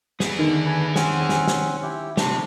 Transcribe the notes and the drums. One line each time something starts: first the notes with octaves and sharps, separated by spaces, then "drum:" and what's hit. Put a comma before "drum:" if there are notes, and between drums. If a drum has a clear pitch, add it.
B3 E4 G#4, drum: snare
D3 D#3
B4 G#5
C4 C#4 F#5 G#5, drum: snare
drum: snare
drum: snare
E4 G4
C3 A3 D4 G4 C5, drum: snare